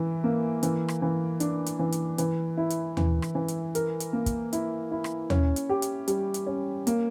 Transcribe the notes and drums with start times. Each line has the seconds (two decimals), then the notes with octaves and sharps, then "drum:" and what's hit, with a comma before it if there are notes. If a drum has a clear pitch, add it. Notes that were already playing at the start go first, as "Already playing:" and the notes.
Already playing: E3 E4
0.24 A#3
0.63 E3, drum: hi-hat
0.88 drum: rim click
1.02 E3
1.40 D4, drum: hi-hat
1.66 drum: hi-hat
1.79 E3
1.92 drum: hi-hat
2.18 E3, drum: hi-hat
2.57 E4
2.70 drum: hi-hat
2.97 E3, drum: tom D#2
3.22 drum: rim click
3.35 E3
3.48 drum: hi-hat
3.75 A#4, drum: hi-hat
4.00 drum: hi-hat
4.13 A#3
4.26 drum: kick, hi-hat
4.53 E4, drum: hi-hat
4.91 E4
5.04 drum: rim click
5.30 C#4, drum: tom D#2
5.56 drum: hi-hat
5.69 G4
5.82 drum: hi-hat
6.08 G3, drum: hi-hat
6.34 drum: hi-hat
6.47 C#4
6.87 A#3, drum: hi-hat